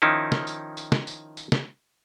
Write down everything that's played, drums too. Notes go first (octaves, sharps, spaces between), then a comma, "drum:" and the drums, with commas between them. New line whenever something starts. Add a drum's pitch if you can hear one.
D#3 F3 C#4 D#4 E4
drum: snare
drum: tambourine
drum: tambourine
drum: snare
drum: tambourine
drum: tambourine
drum: snare